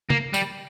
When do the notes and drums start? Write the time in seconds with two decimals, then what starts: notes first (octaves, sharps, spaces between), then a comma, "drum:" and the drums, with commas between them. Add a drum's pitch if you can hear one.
0.10 A#3, drum: tom
0.34 G3, drum: tambourine